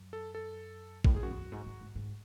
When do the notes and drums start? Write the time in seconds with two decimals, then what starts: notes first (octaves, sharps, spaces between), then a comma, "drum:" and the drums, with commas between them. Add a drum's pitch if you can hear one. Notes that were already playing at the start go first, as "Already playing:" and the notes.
Already playing: F#2
0.13 A4
0.35 A4
1.04 A2, drum: kick A#1
1.13 G#2 G#4
1.22 F#2 F#4
1.31 E2
1.37 F#2
1.52 G#2
1.66 G#2
1.81 G#2
1.95 G#2